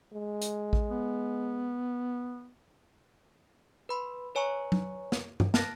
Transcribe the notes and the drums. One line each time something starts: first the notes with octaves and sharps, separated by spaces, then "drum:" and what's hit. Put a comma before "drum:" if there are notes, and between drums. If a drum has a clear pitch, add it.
G#3
drum: hi-hat
drum: kick A1
B3
B4 B5 C6
B4 C#5 G#5 A#5 C#6
drum: tom F#3
drum: snare
drum: tom
A5 F6 F#6 A6 A#6, drum: snare